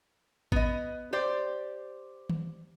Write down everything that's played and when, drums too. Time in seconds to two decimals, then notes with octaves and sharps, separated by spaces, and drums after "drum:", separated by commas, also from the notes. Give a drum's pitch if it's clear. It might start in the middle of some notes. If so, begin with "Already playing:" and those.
0.52 B3 D#5, drum: kick A1
1.13 G4 C5 D5
2.29 drum: tom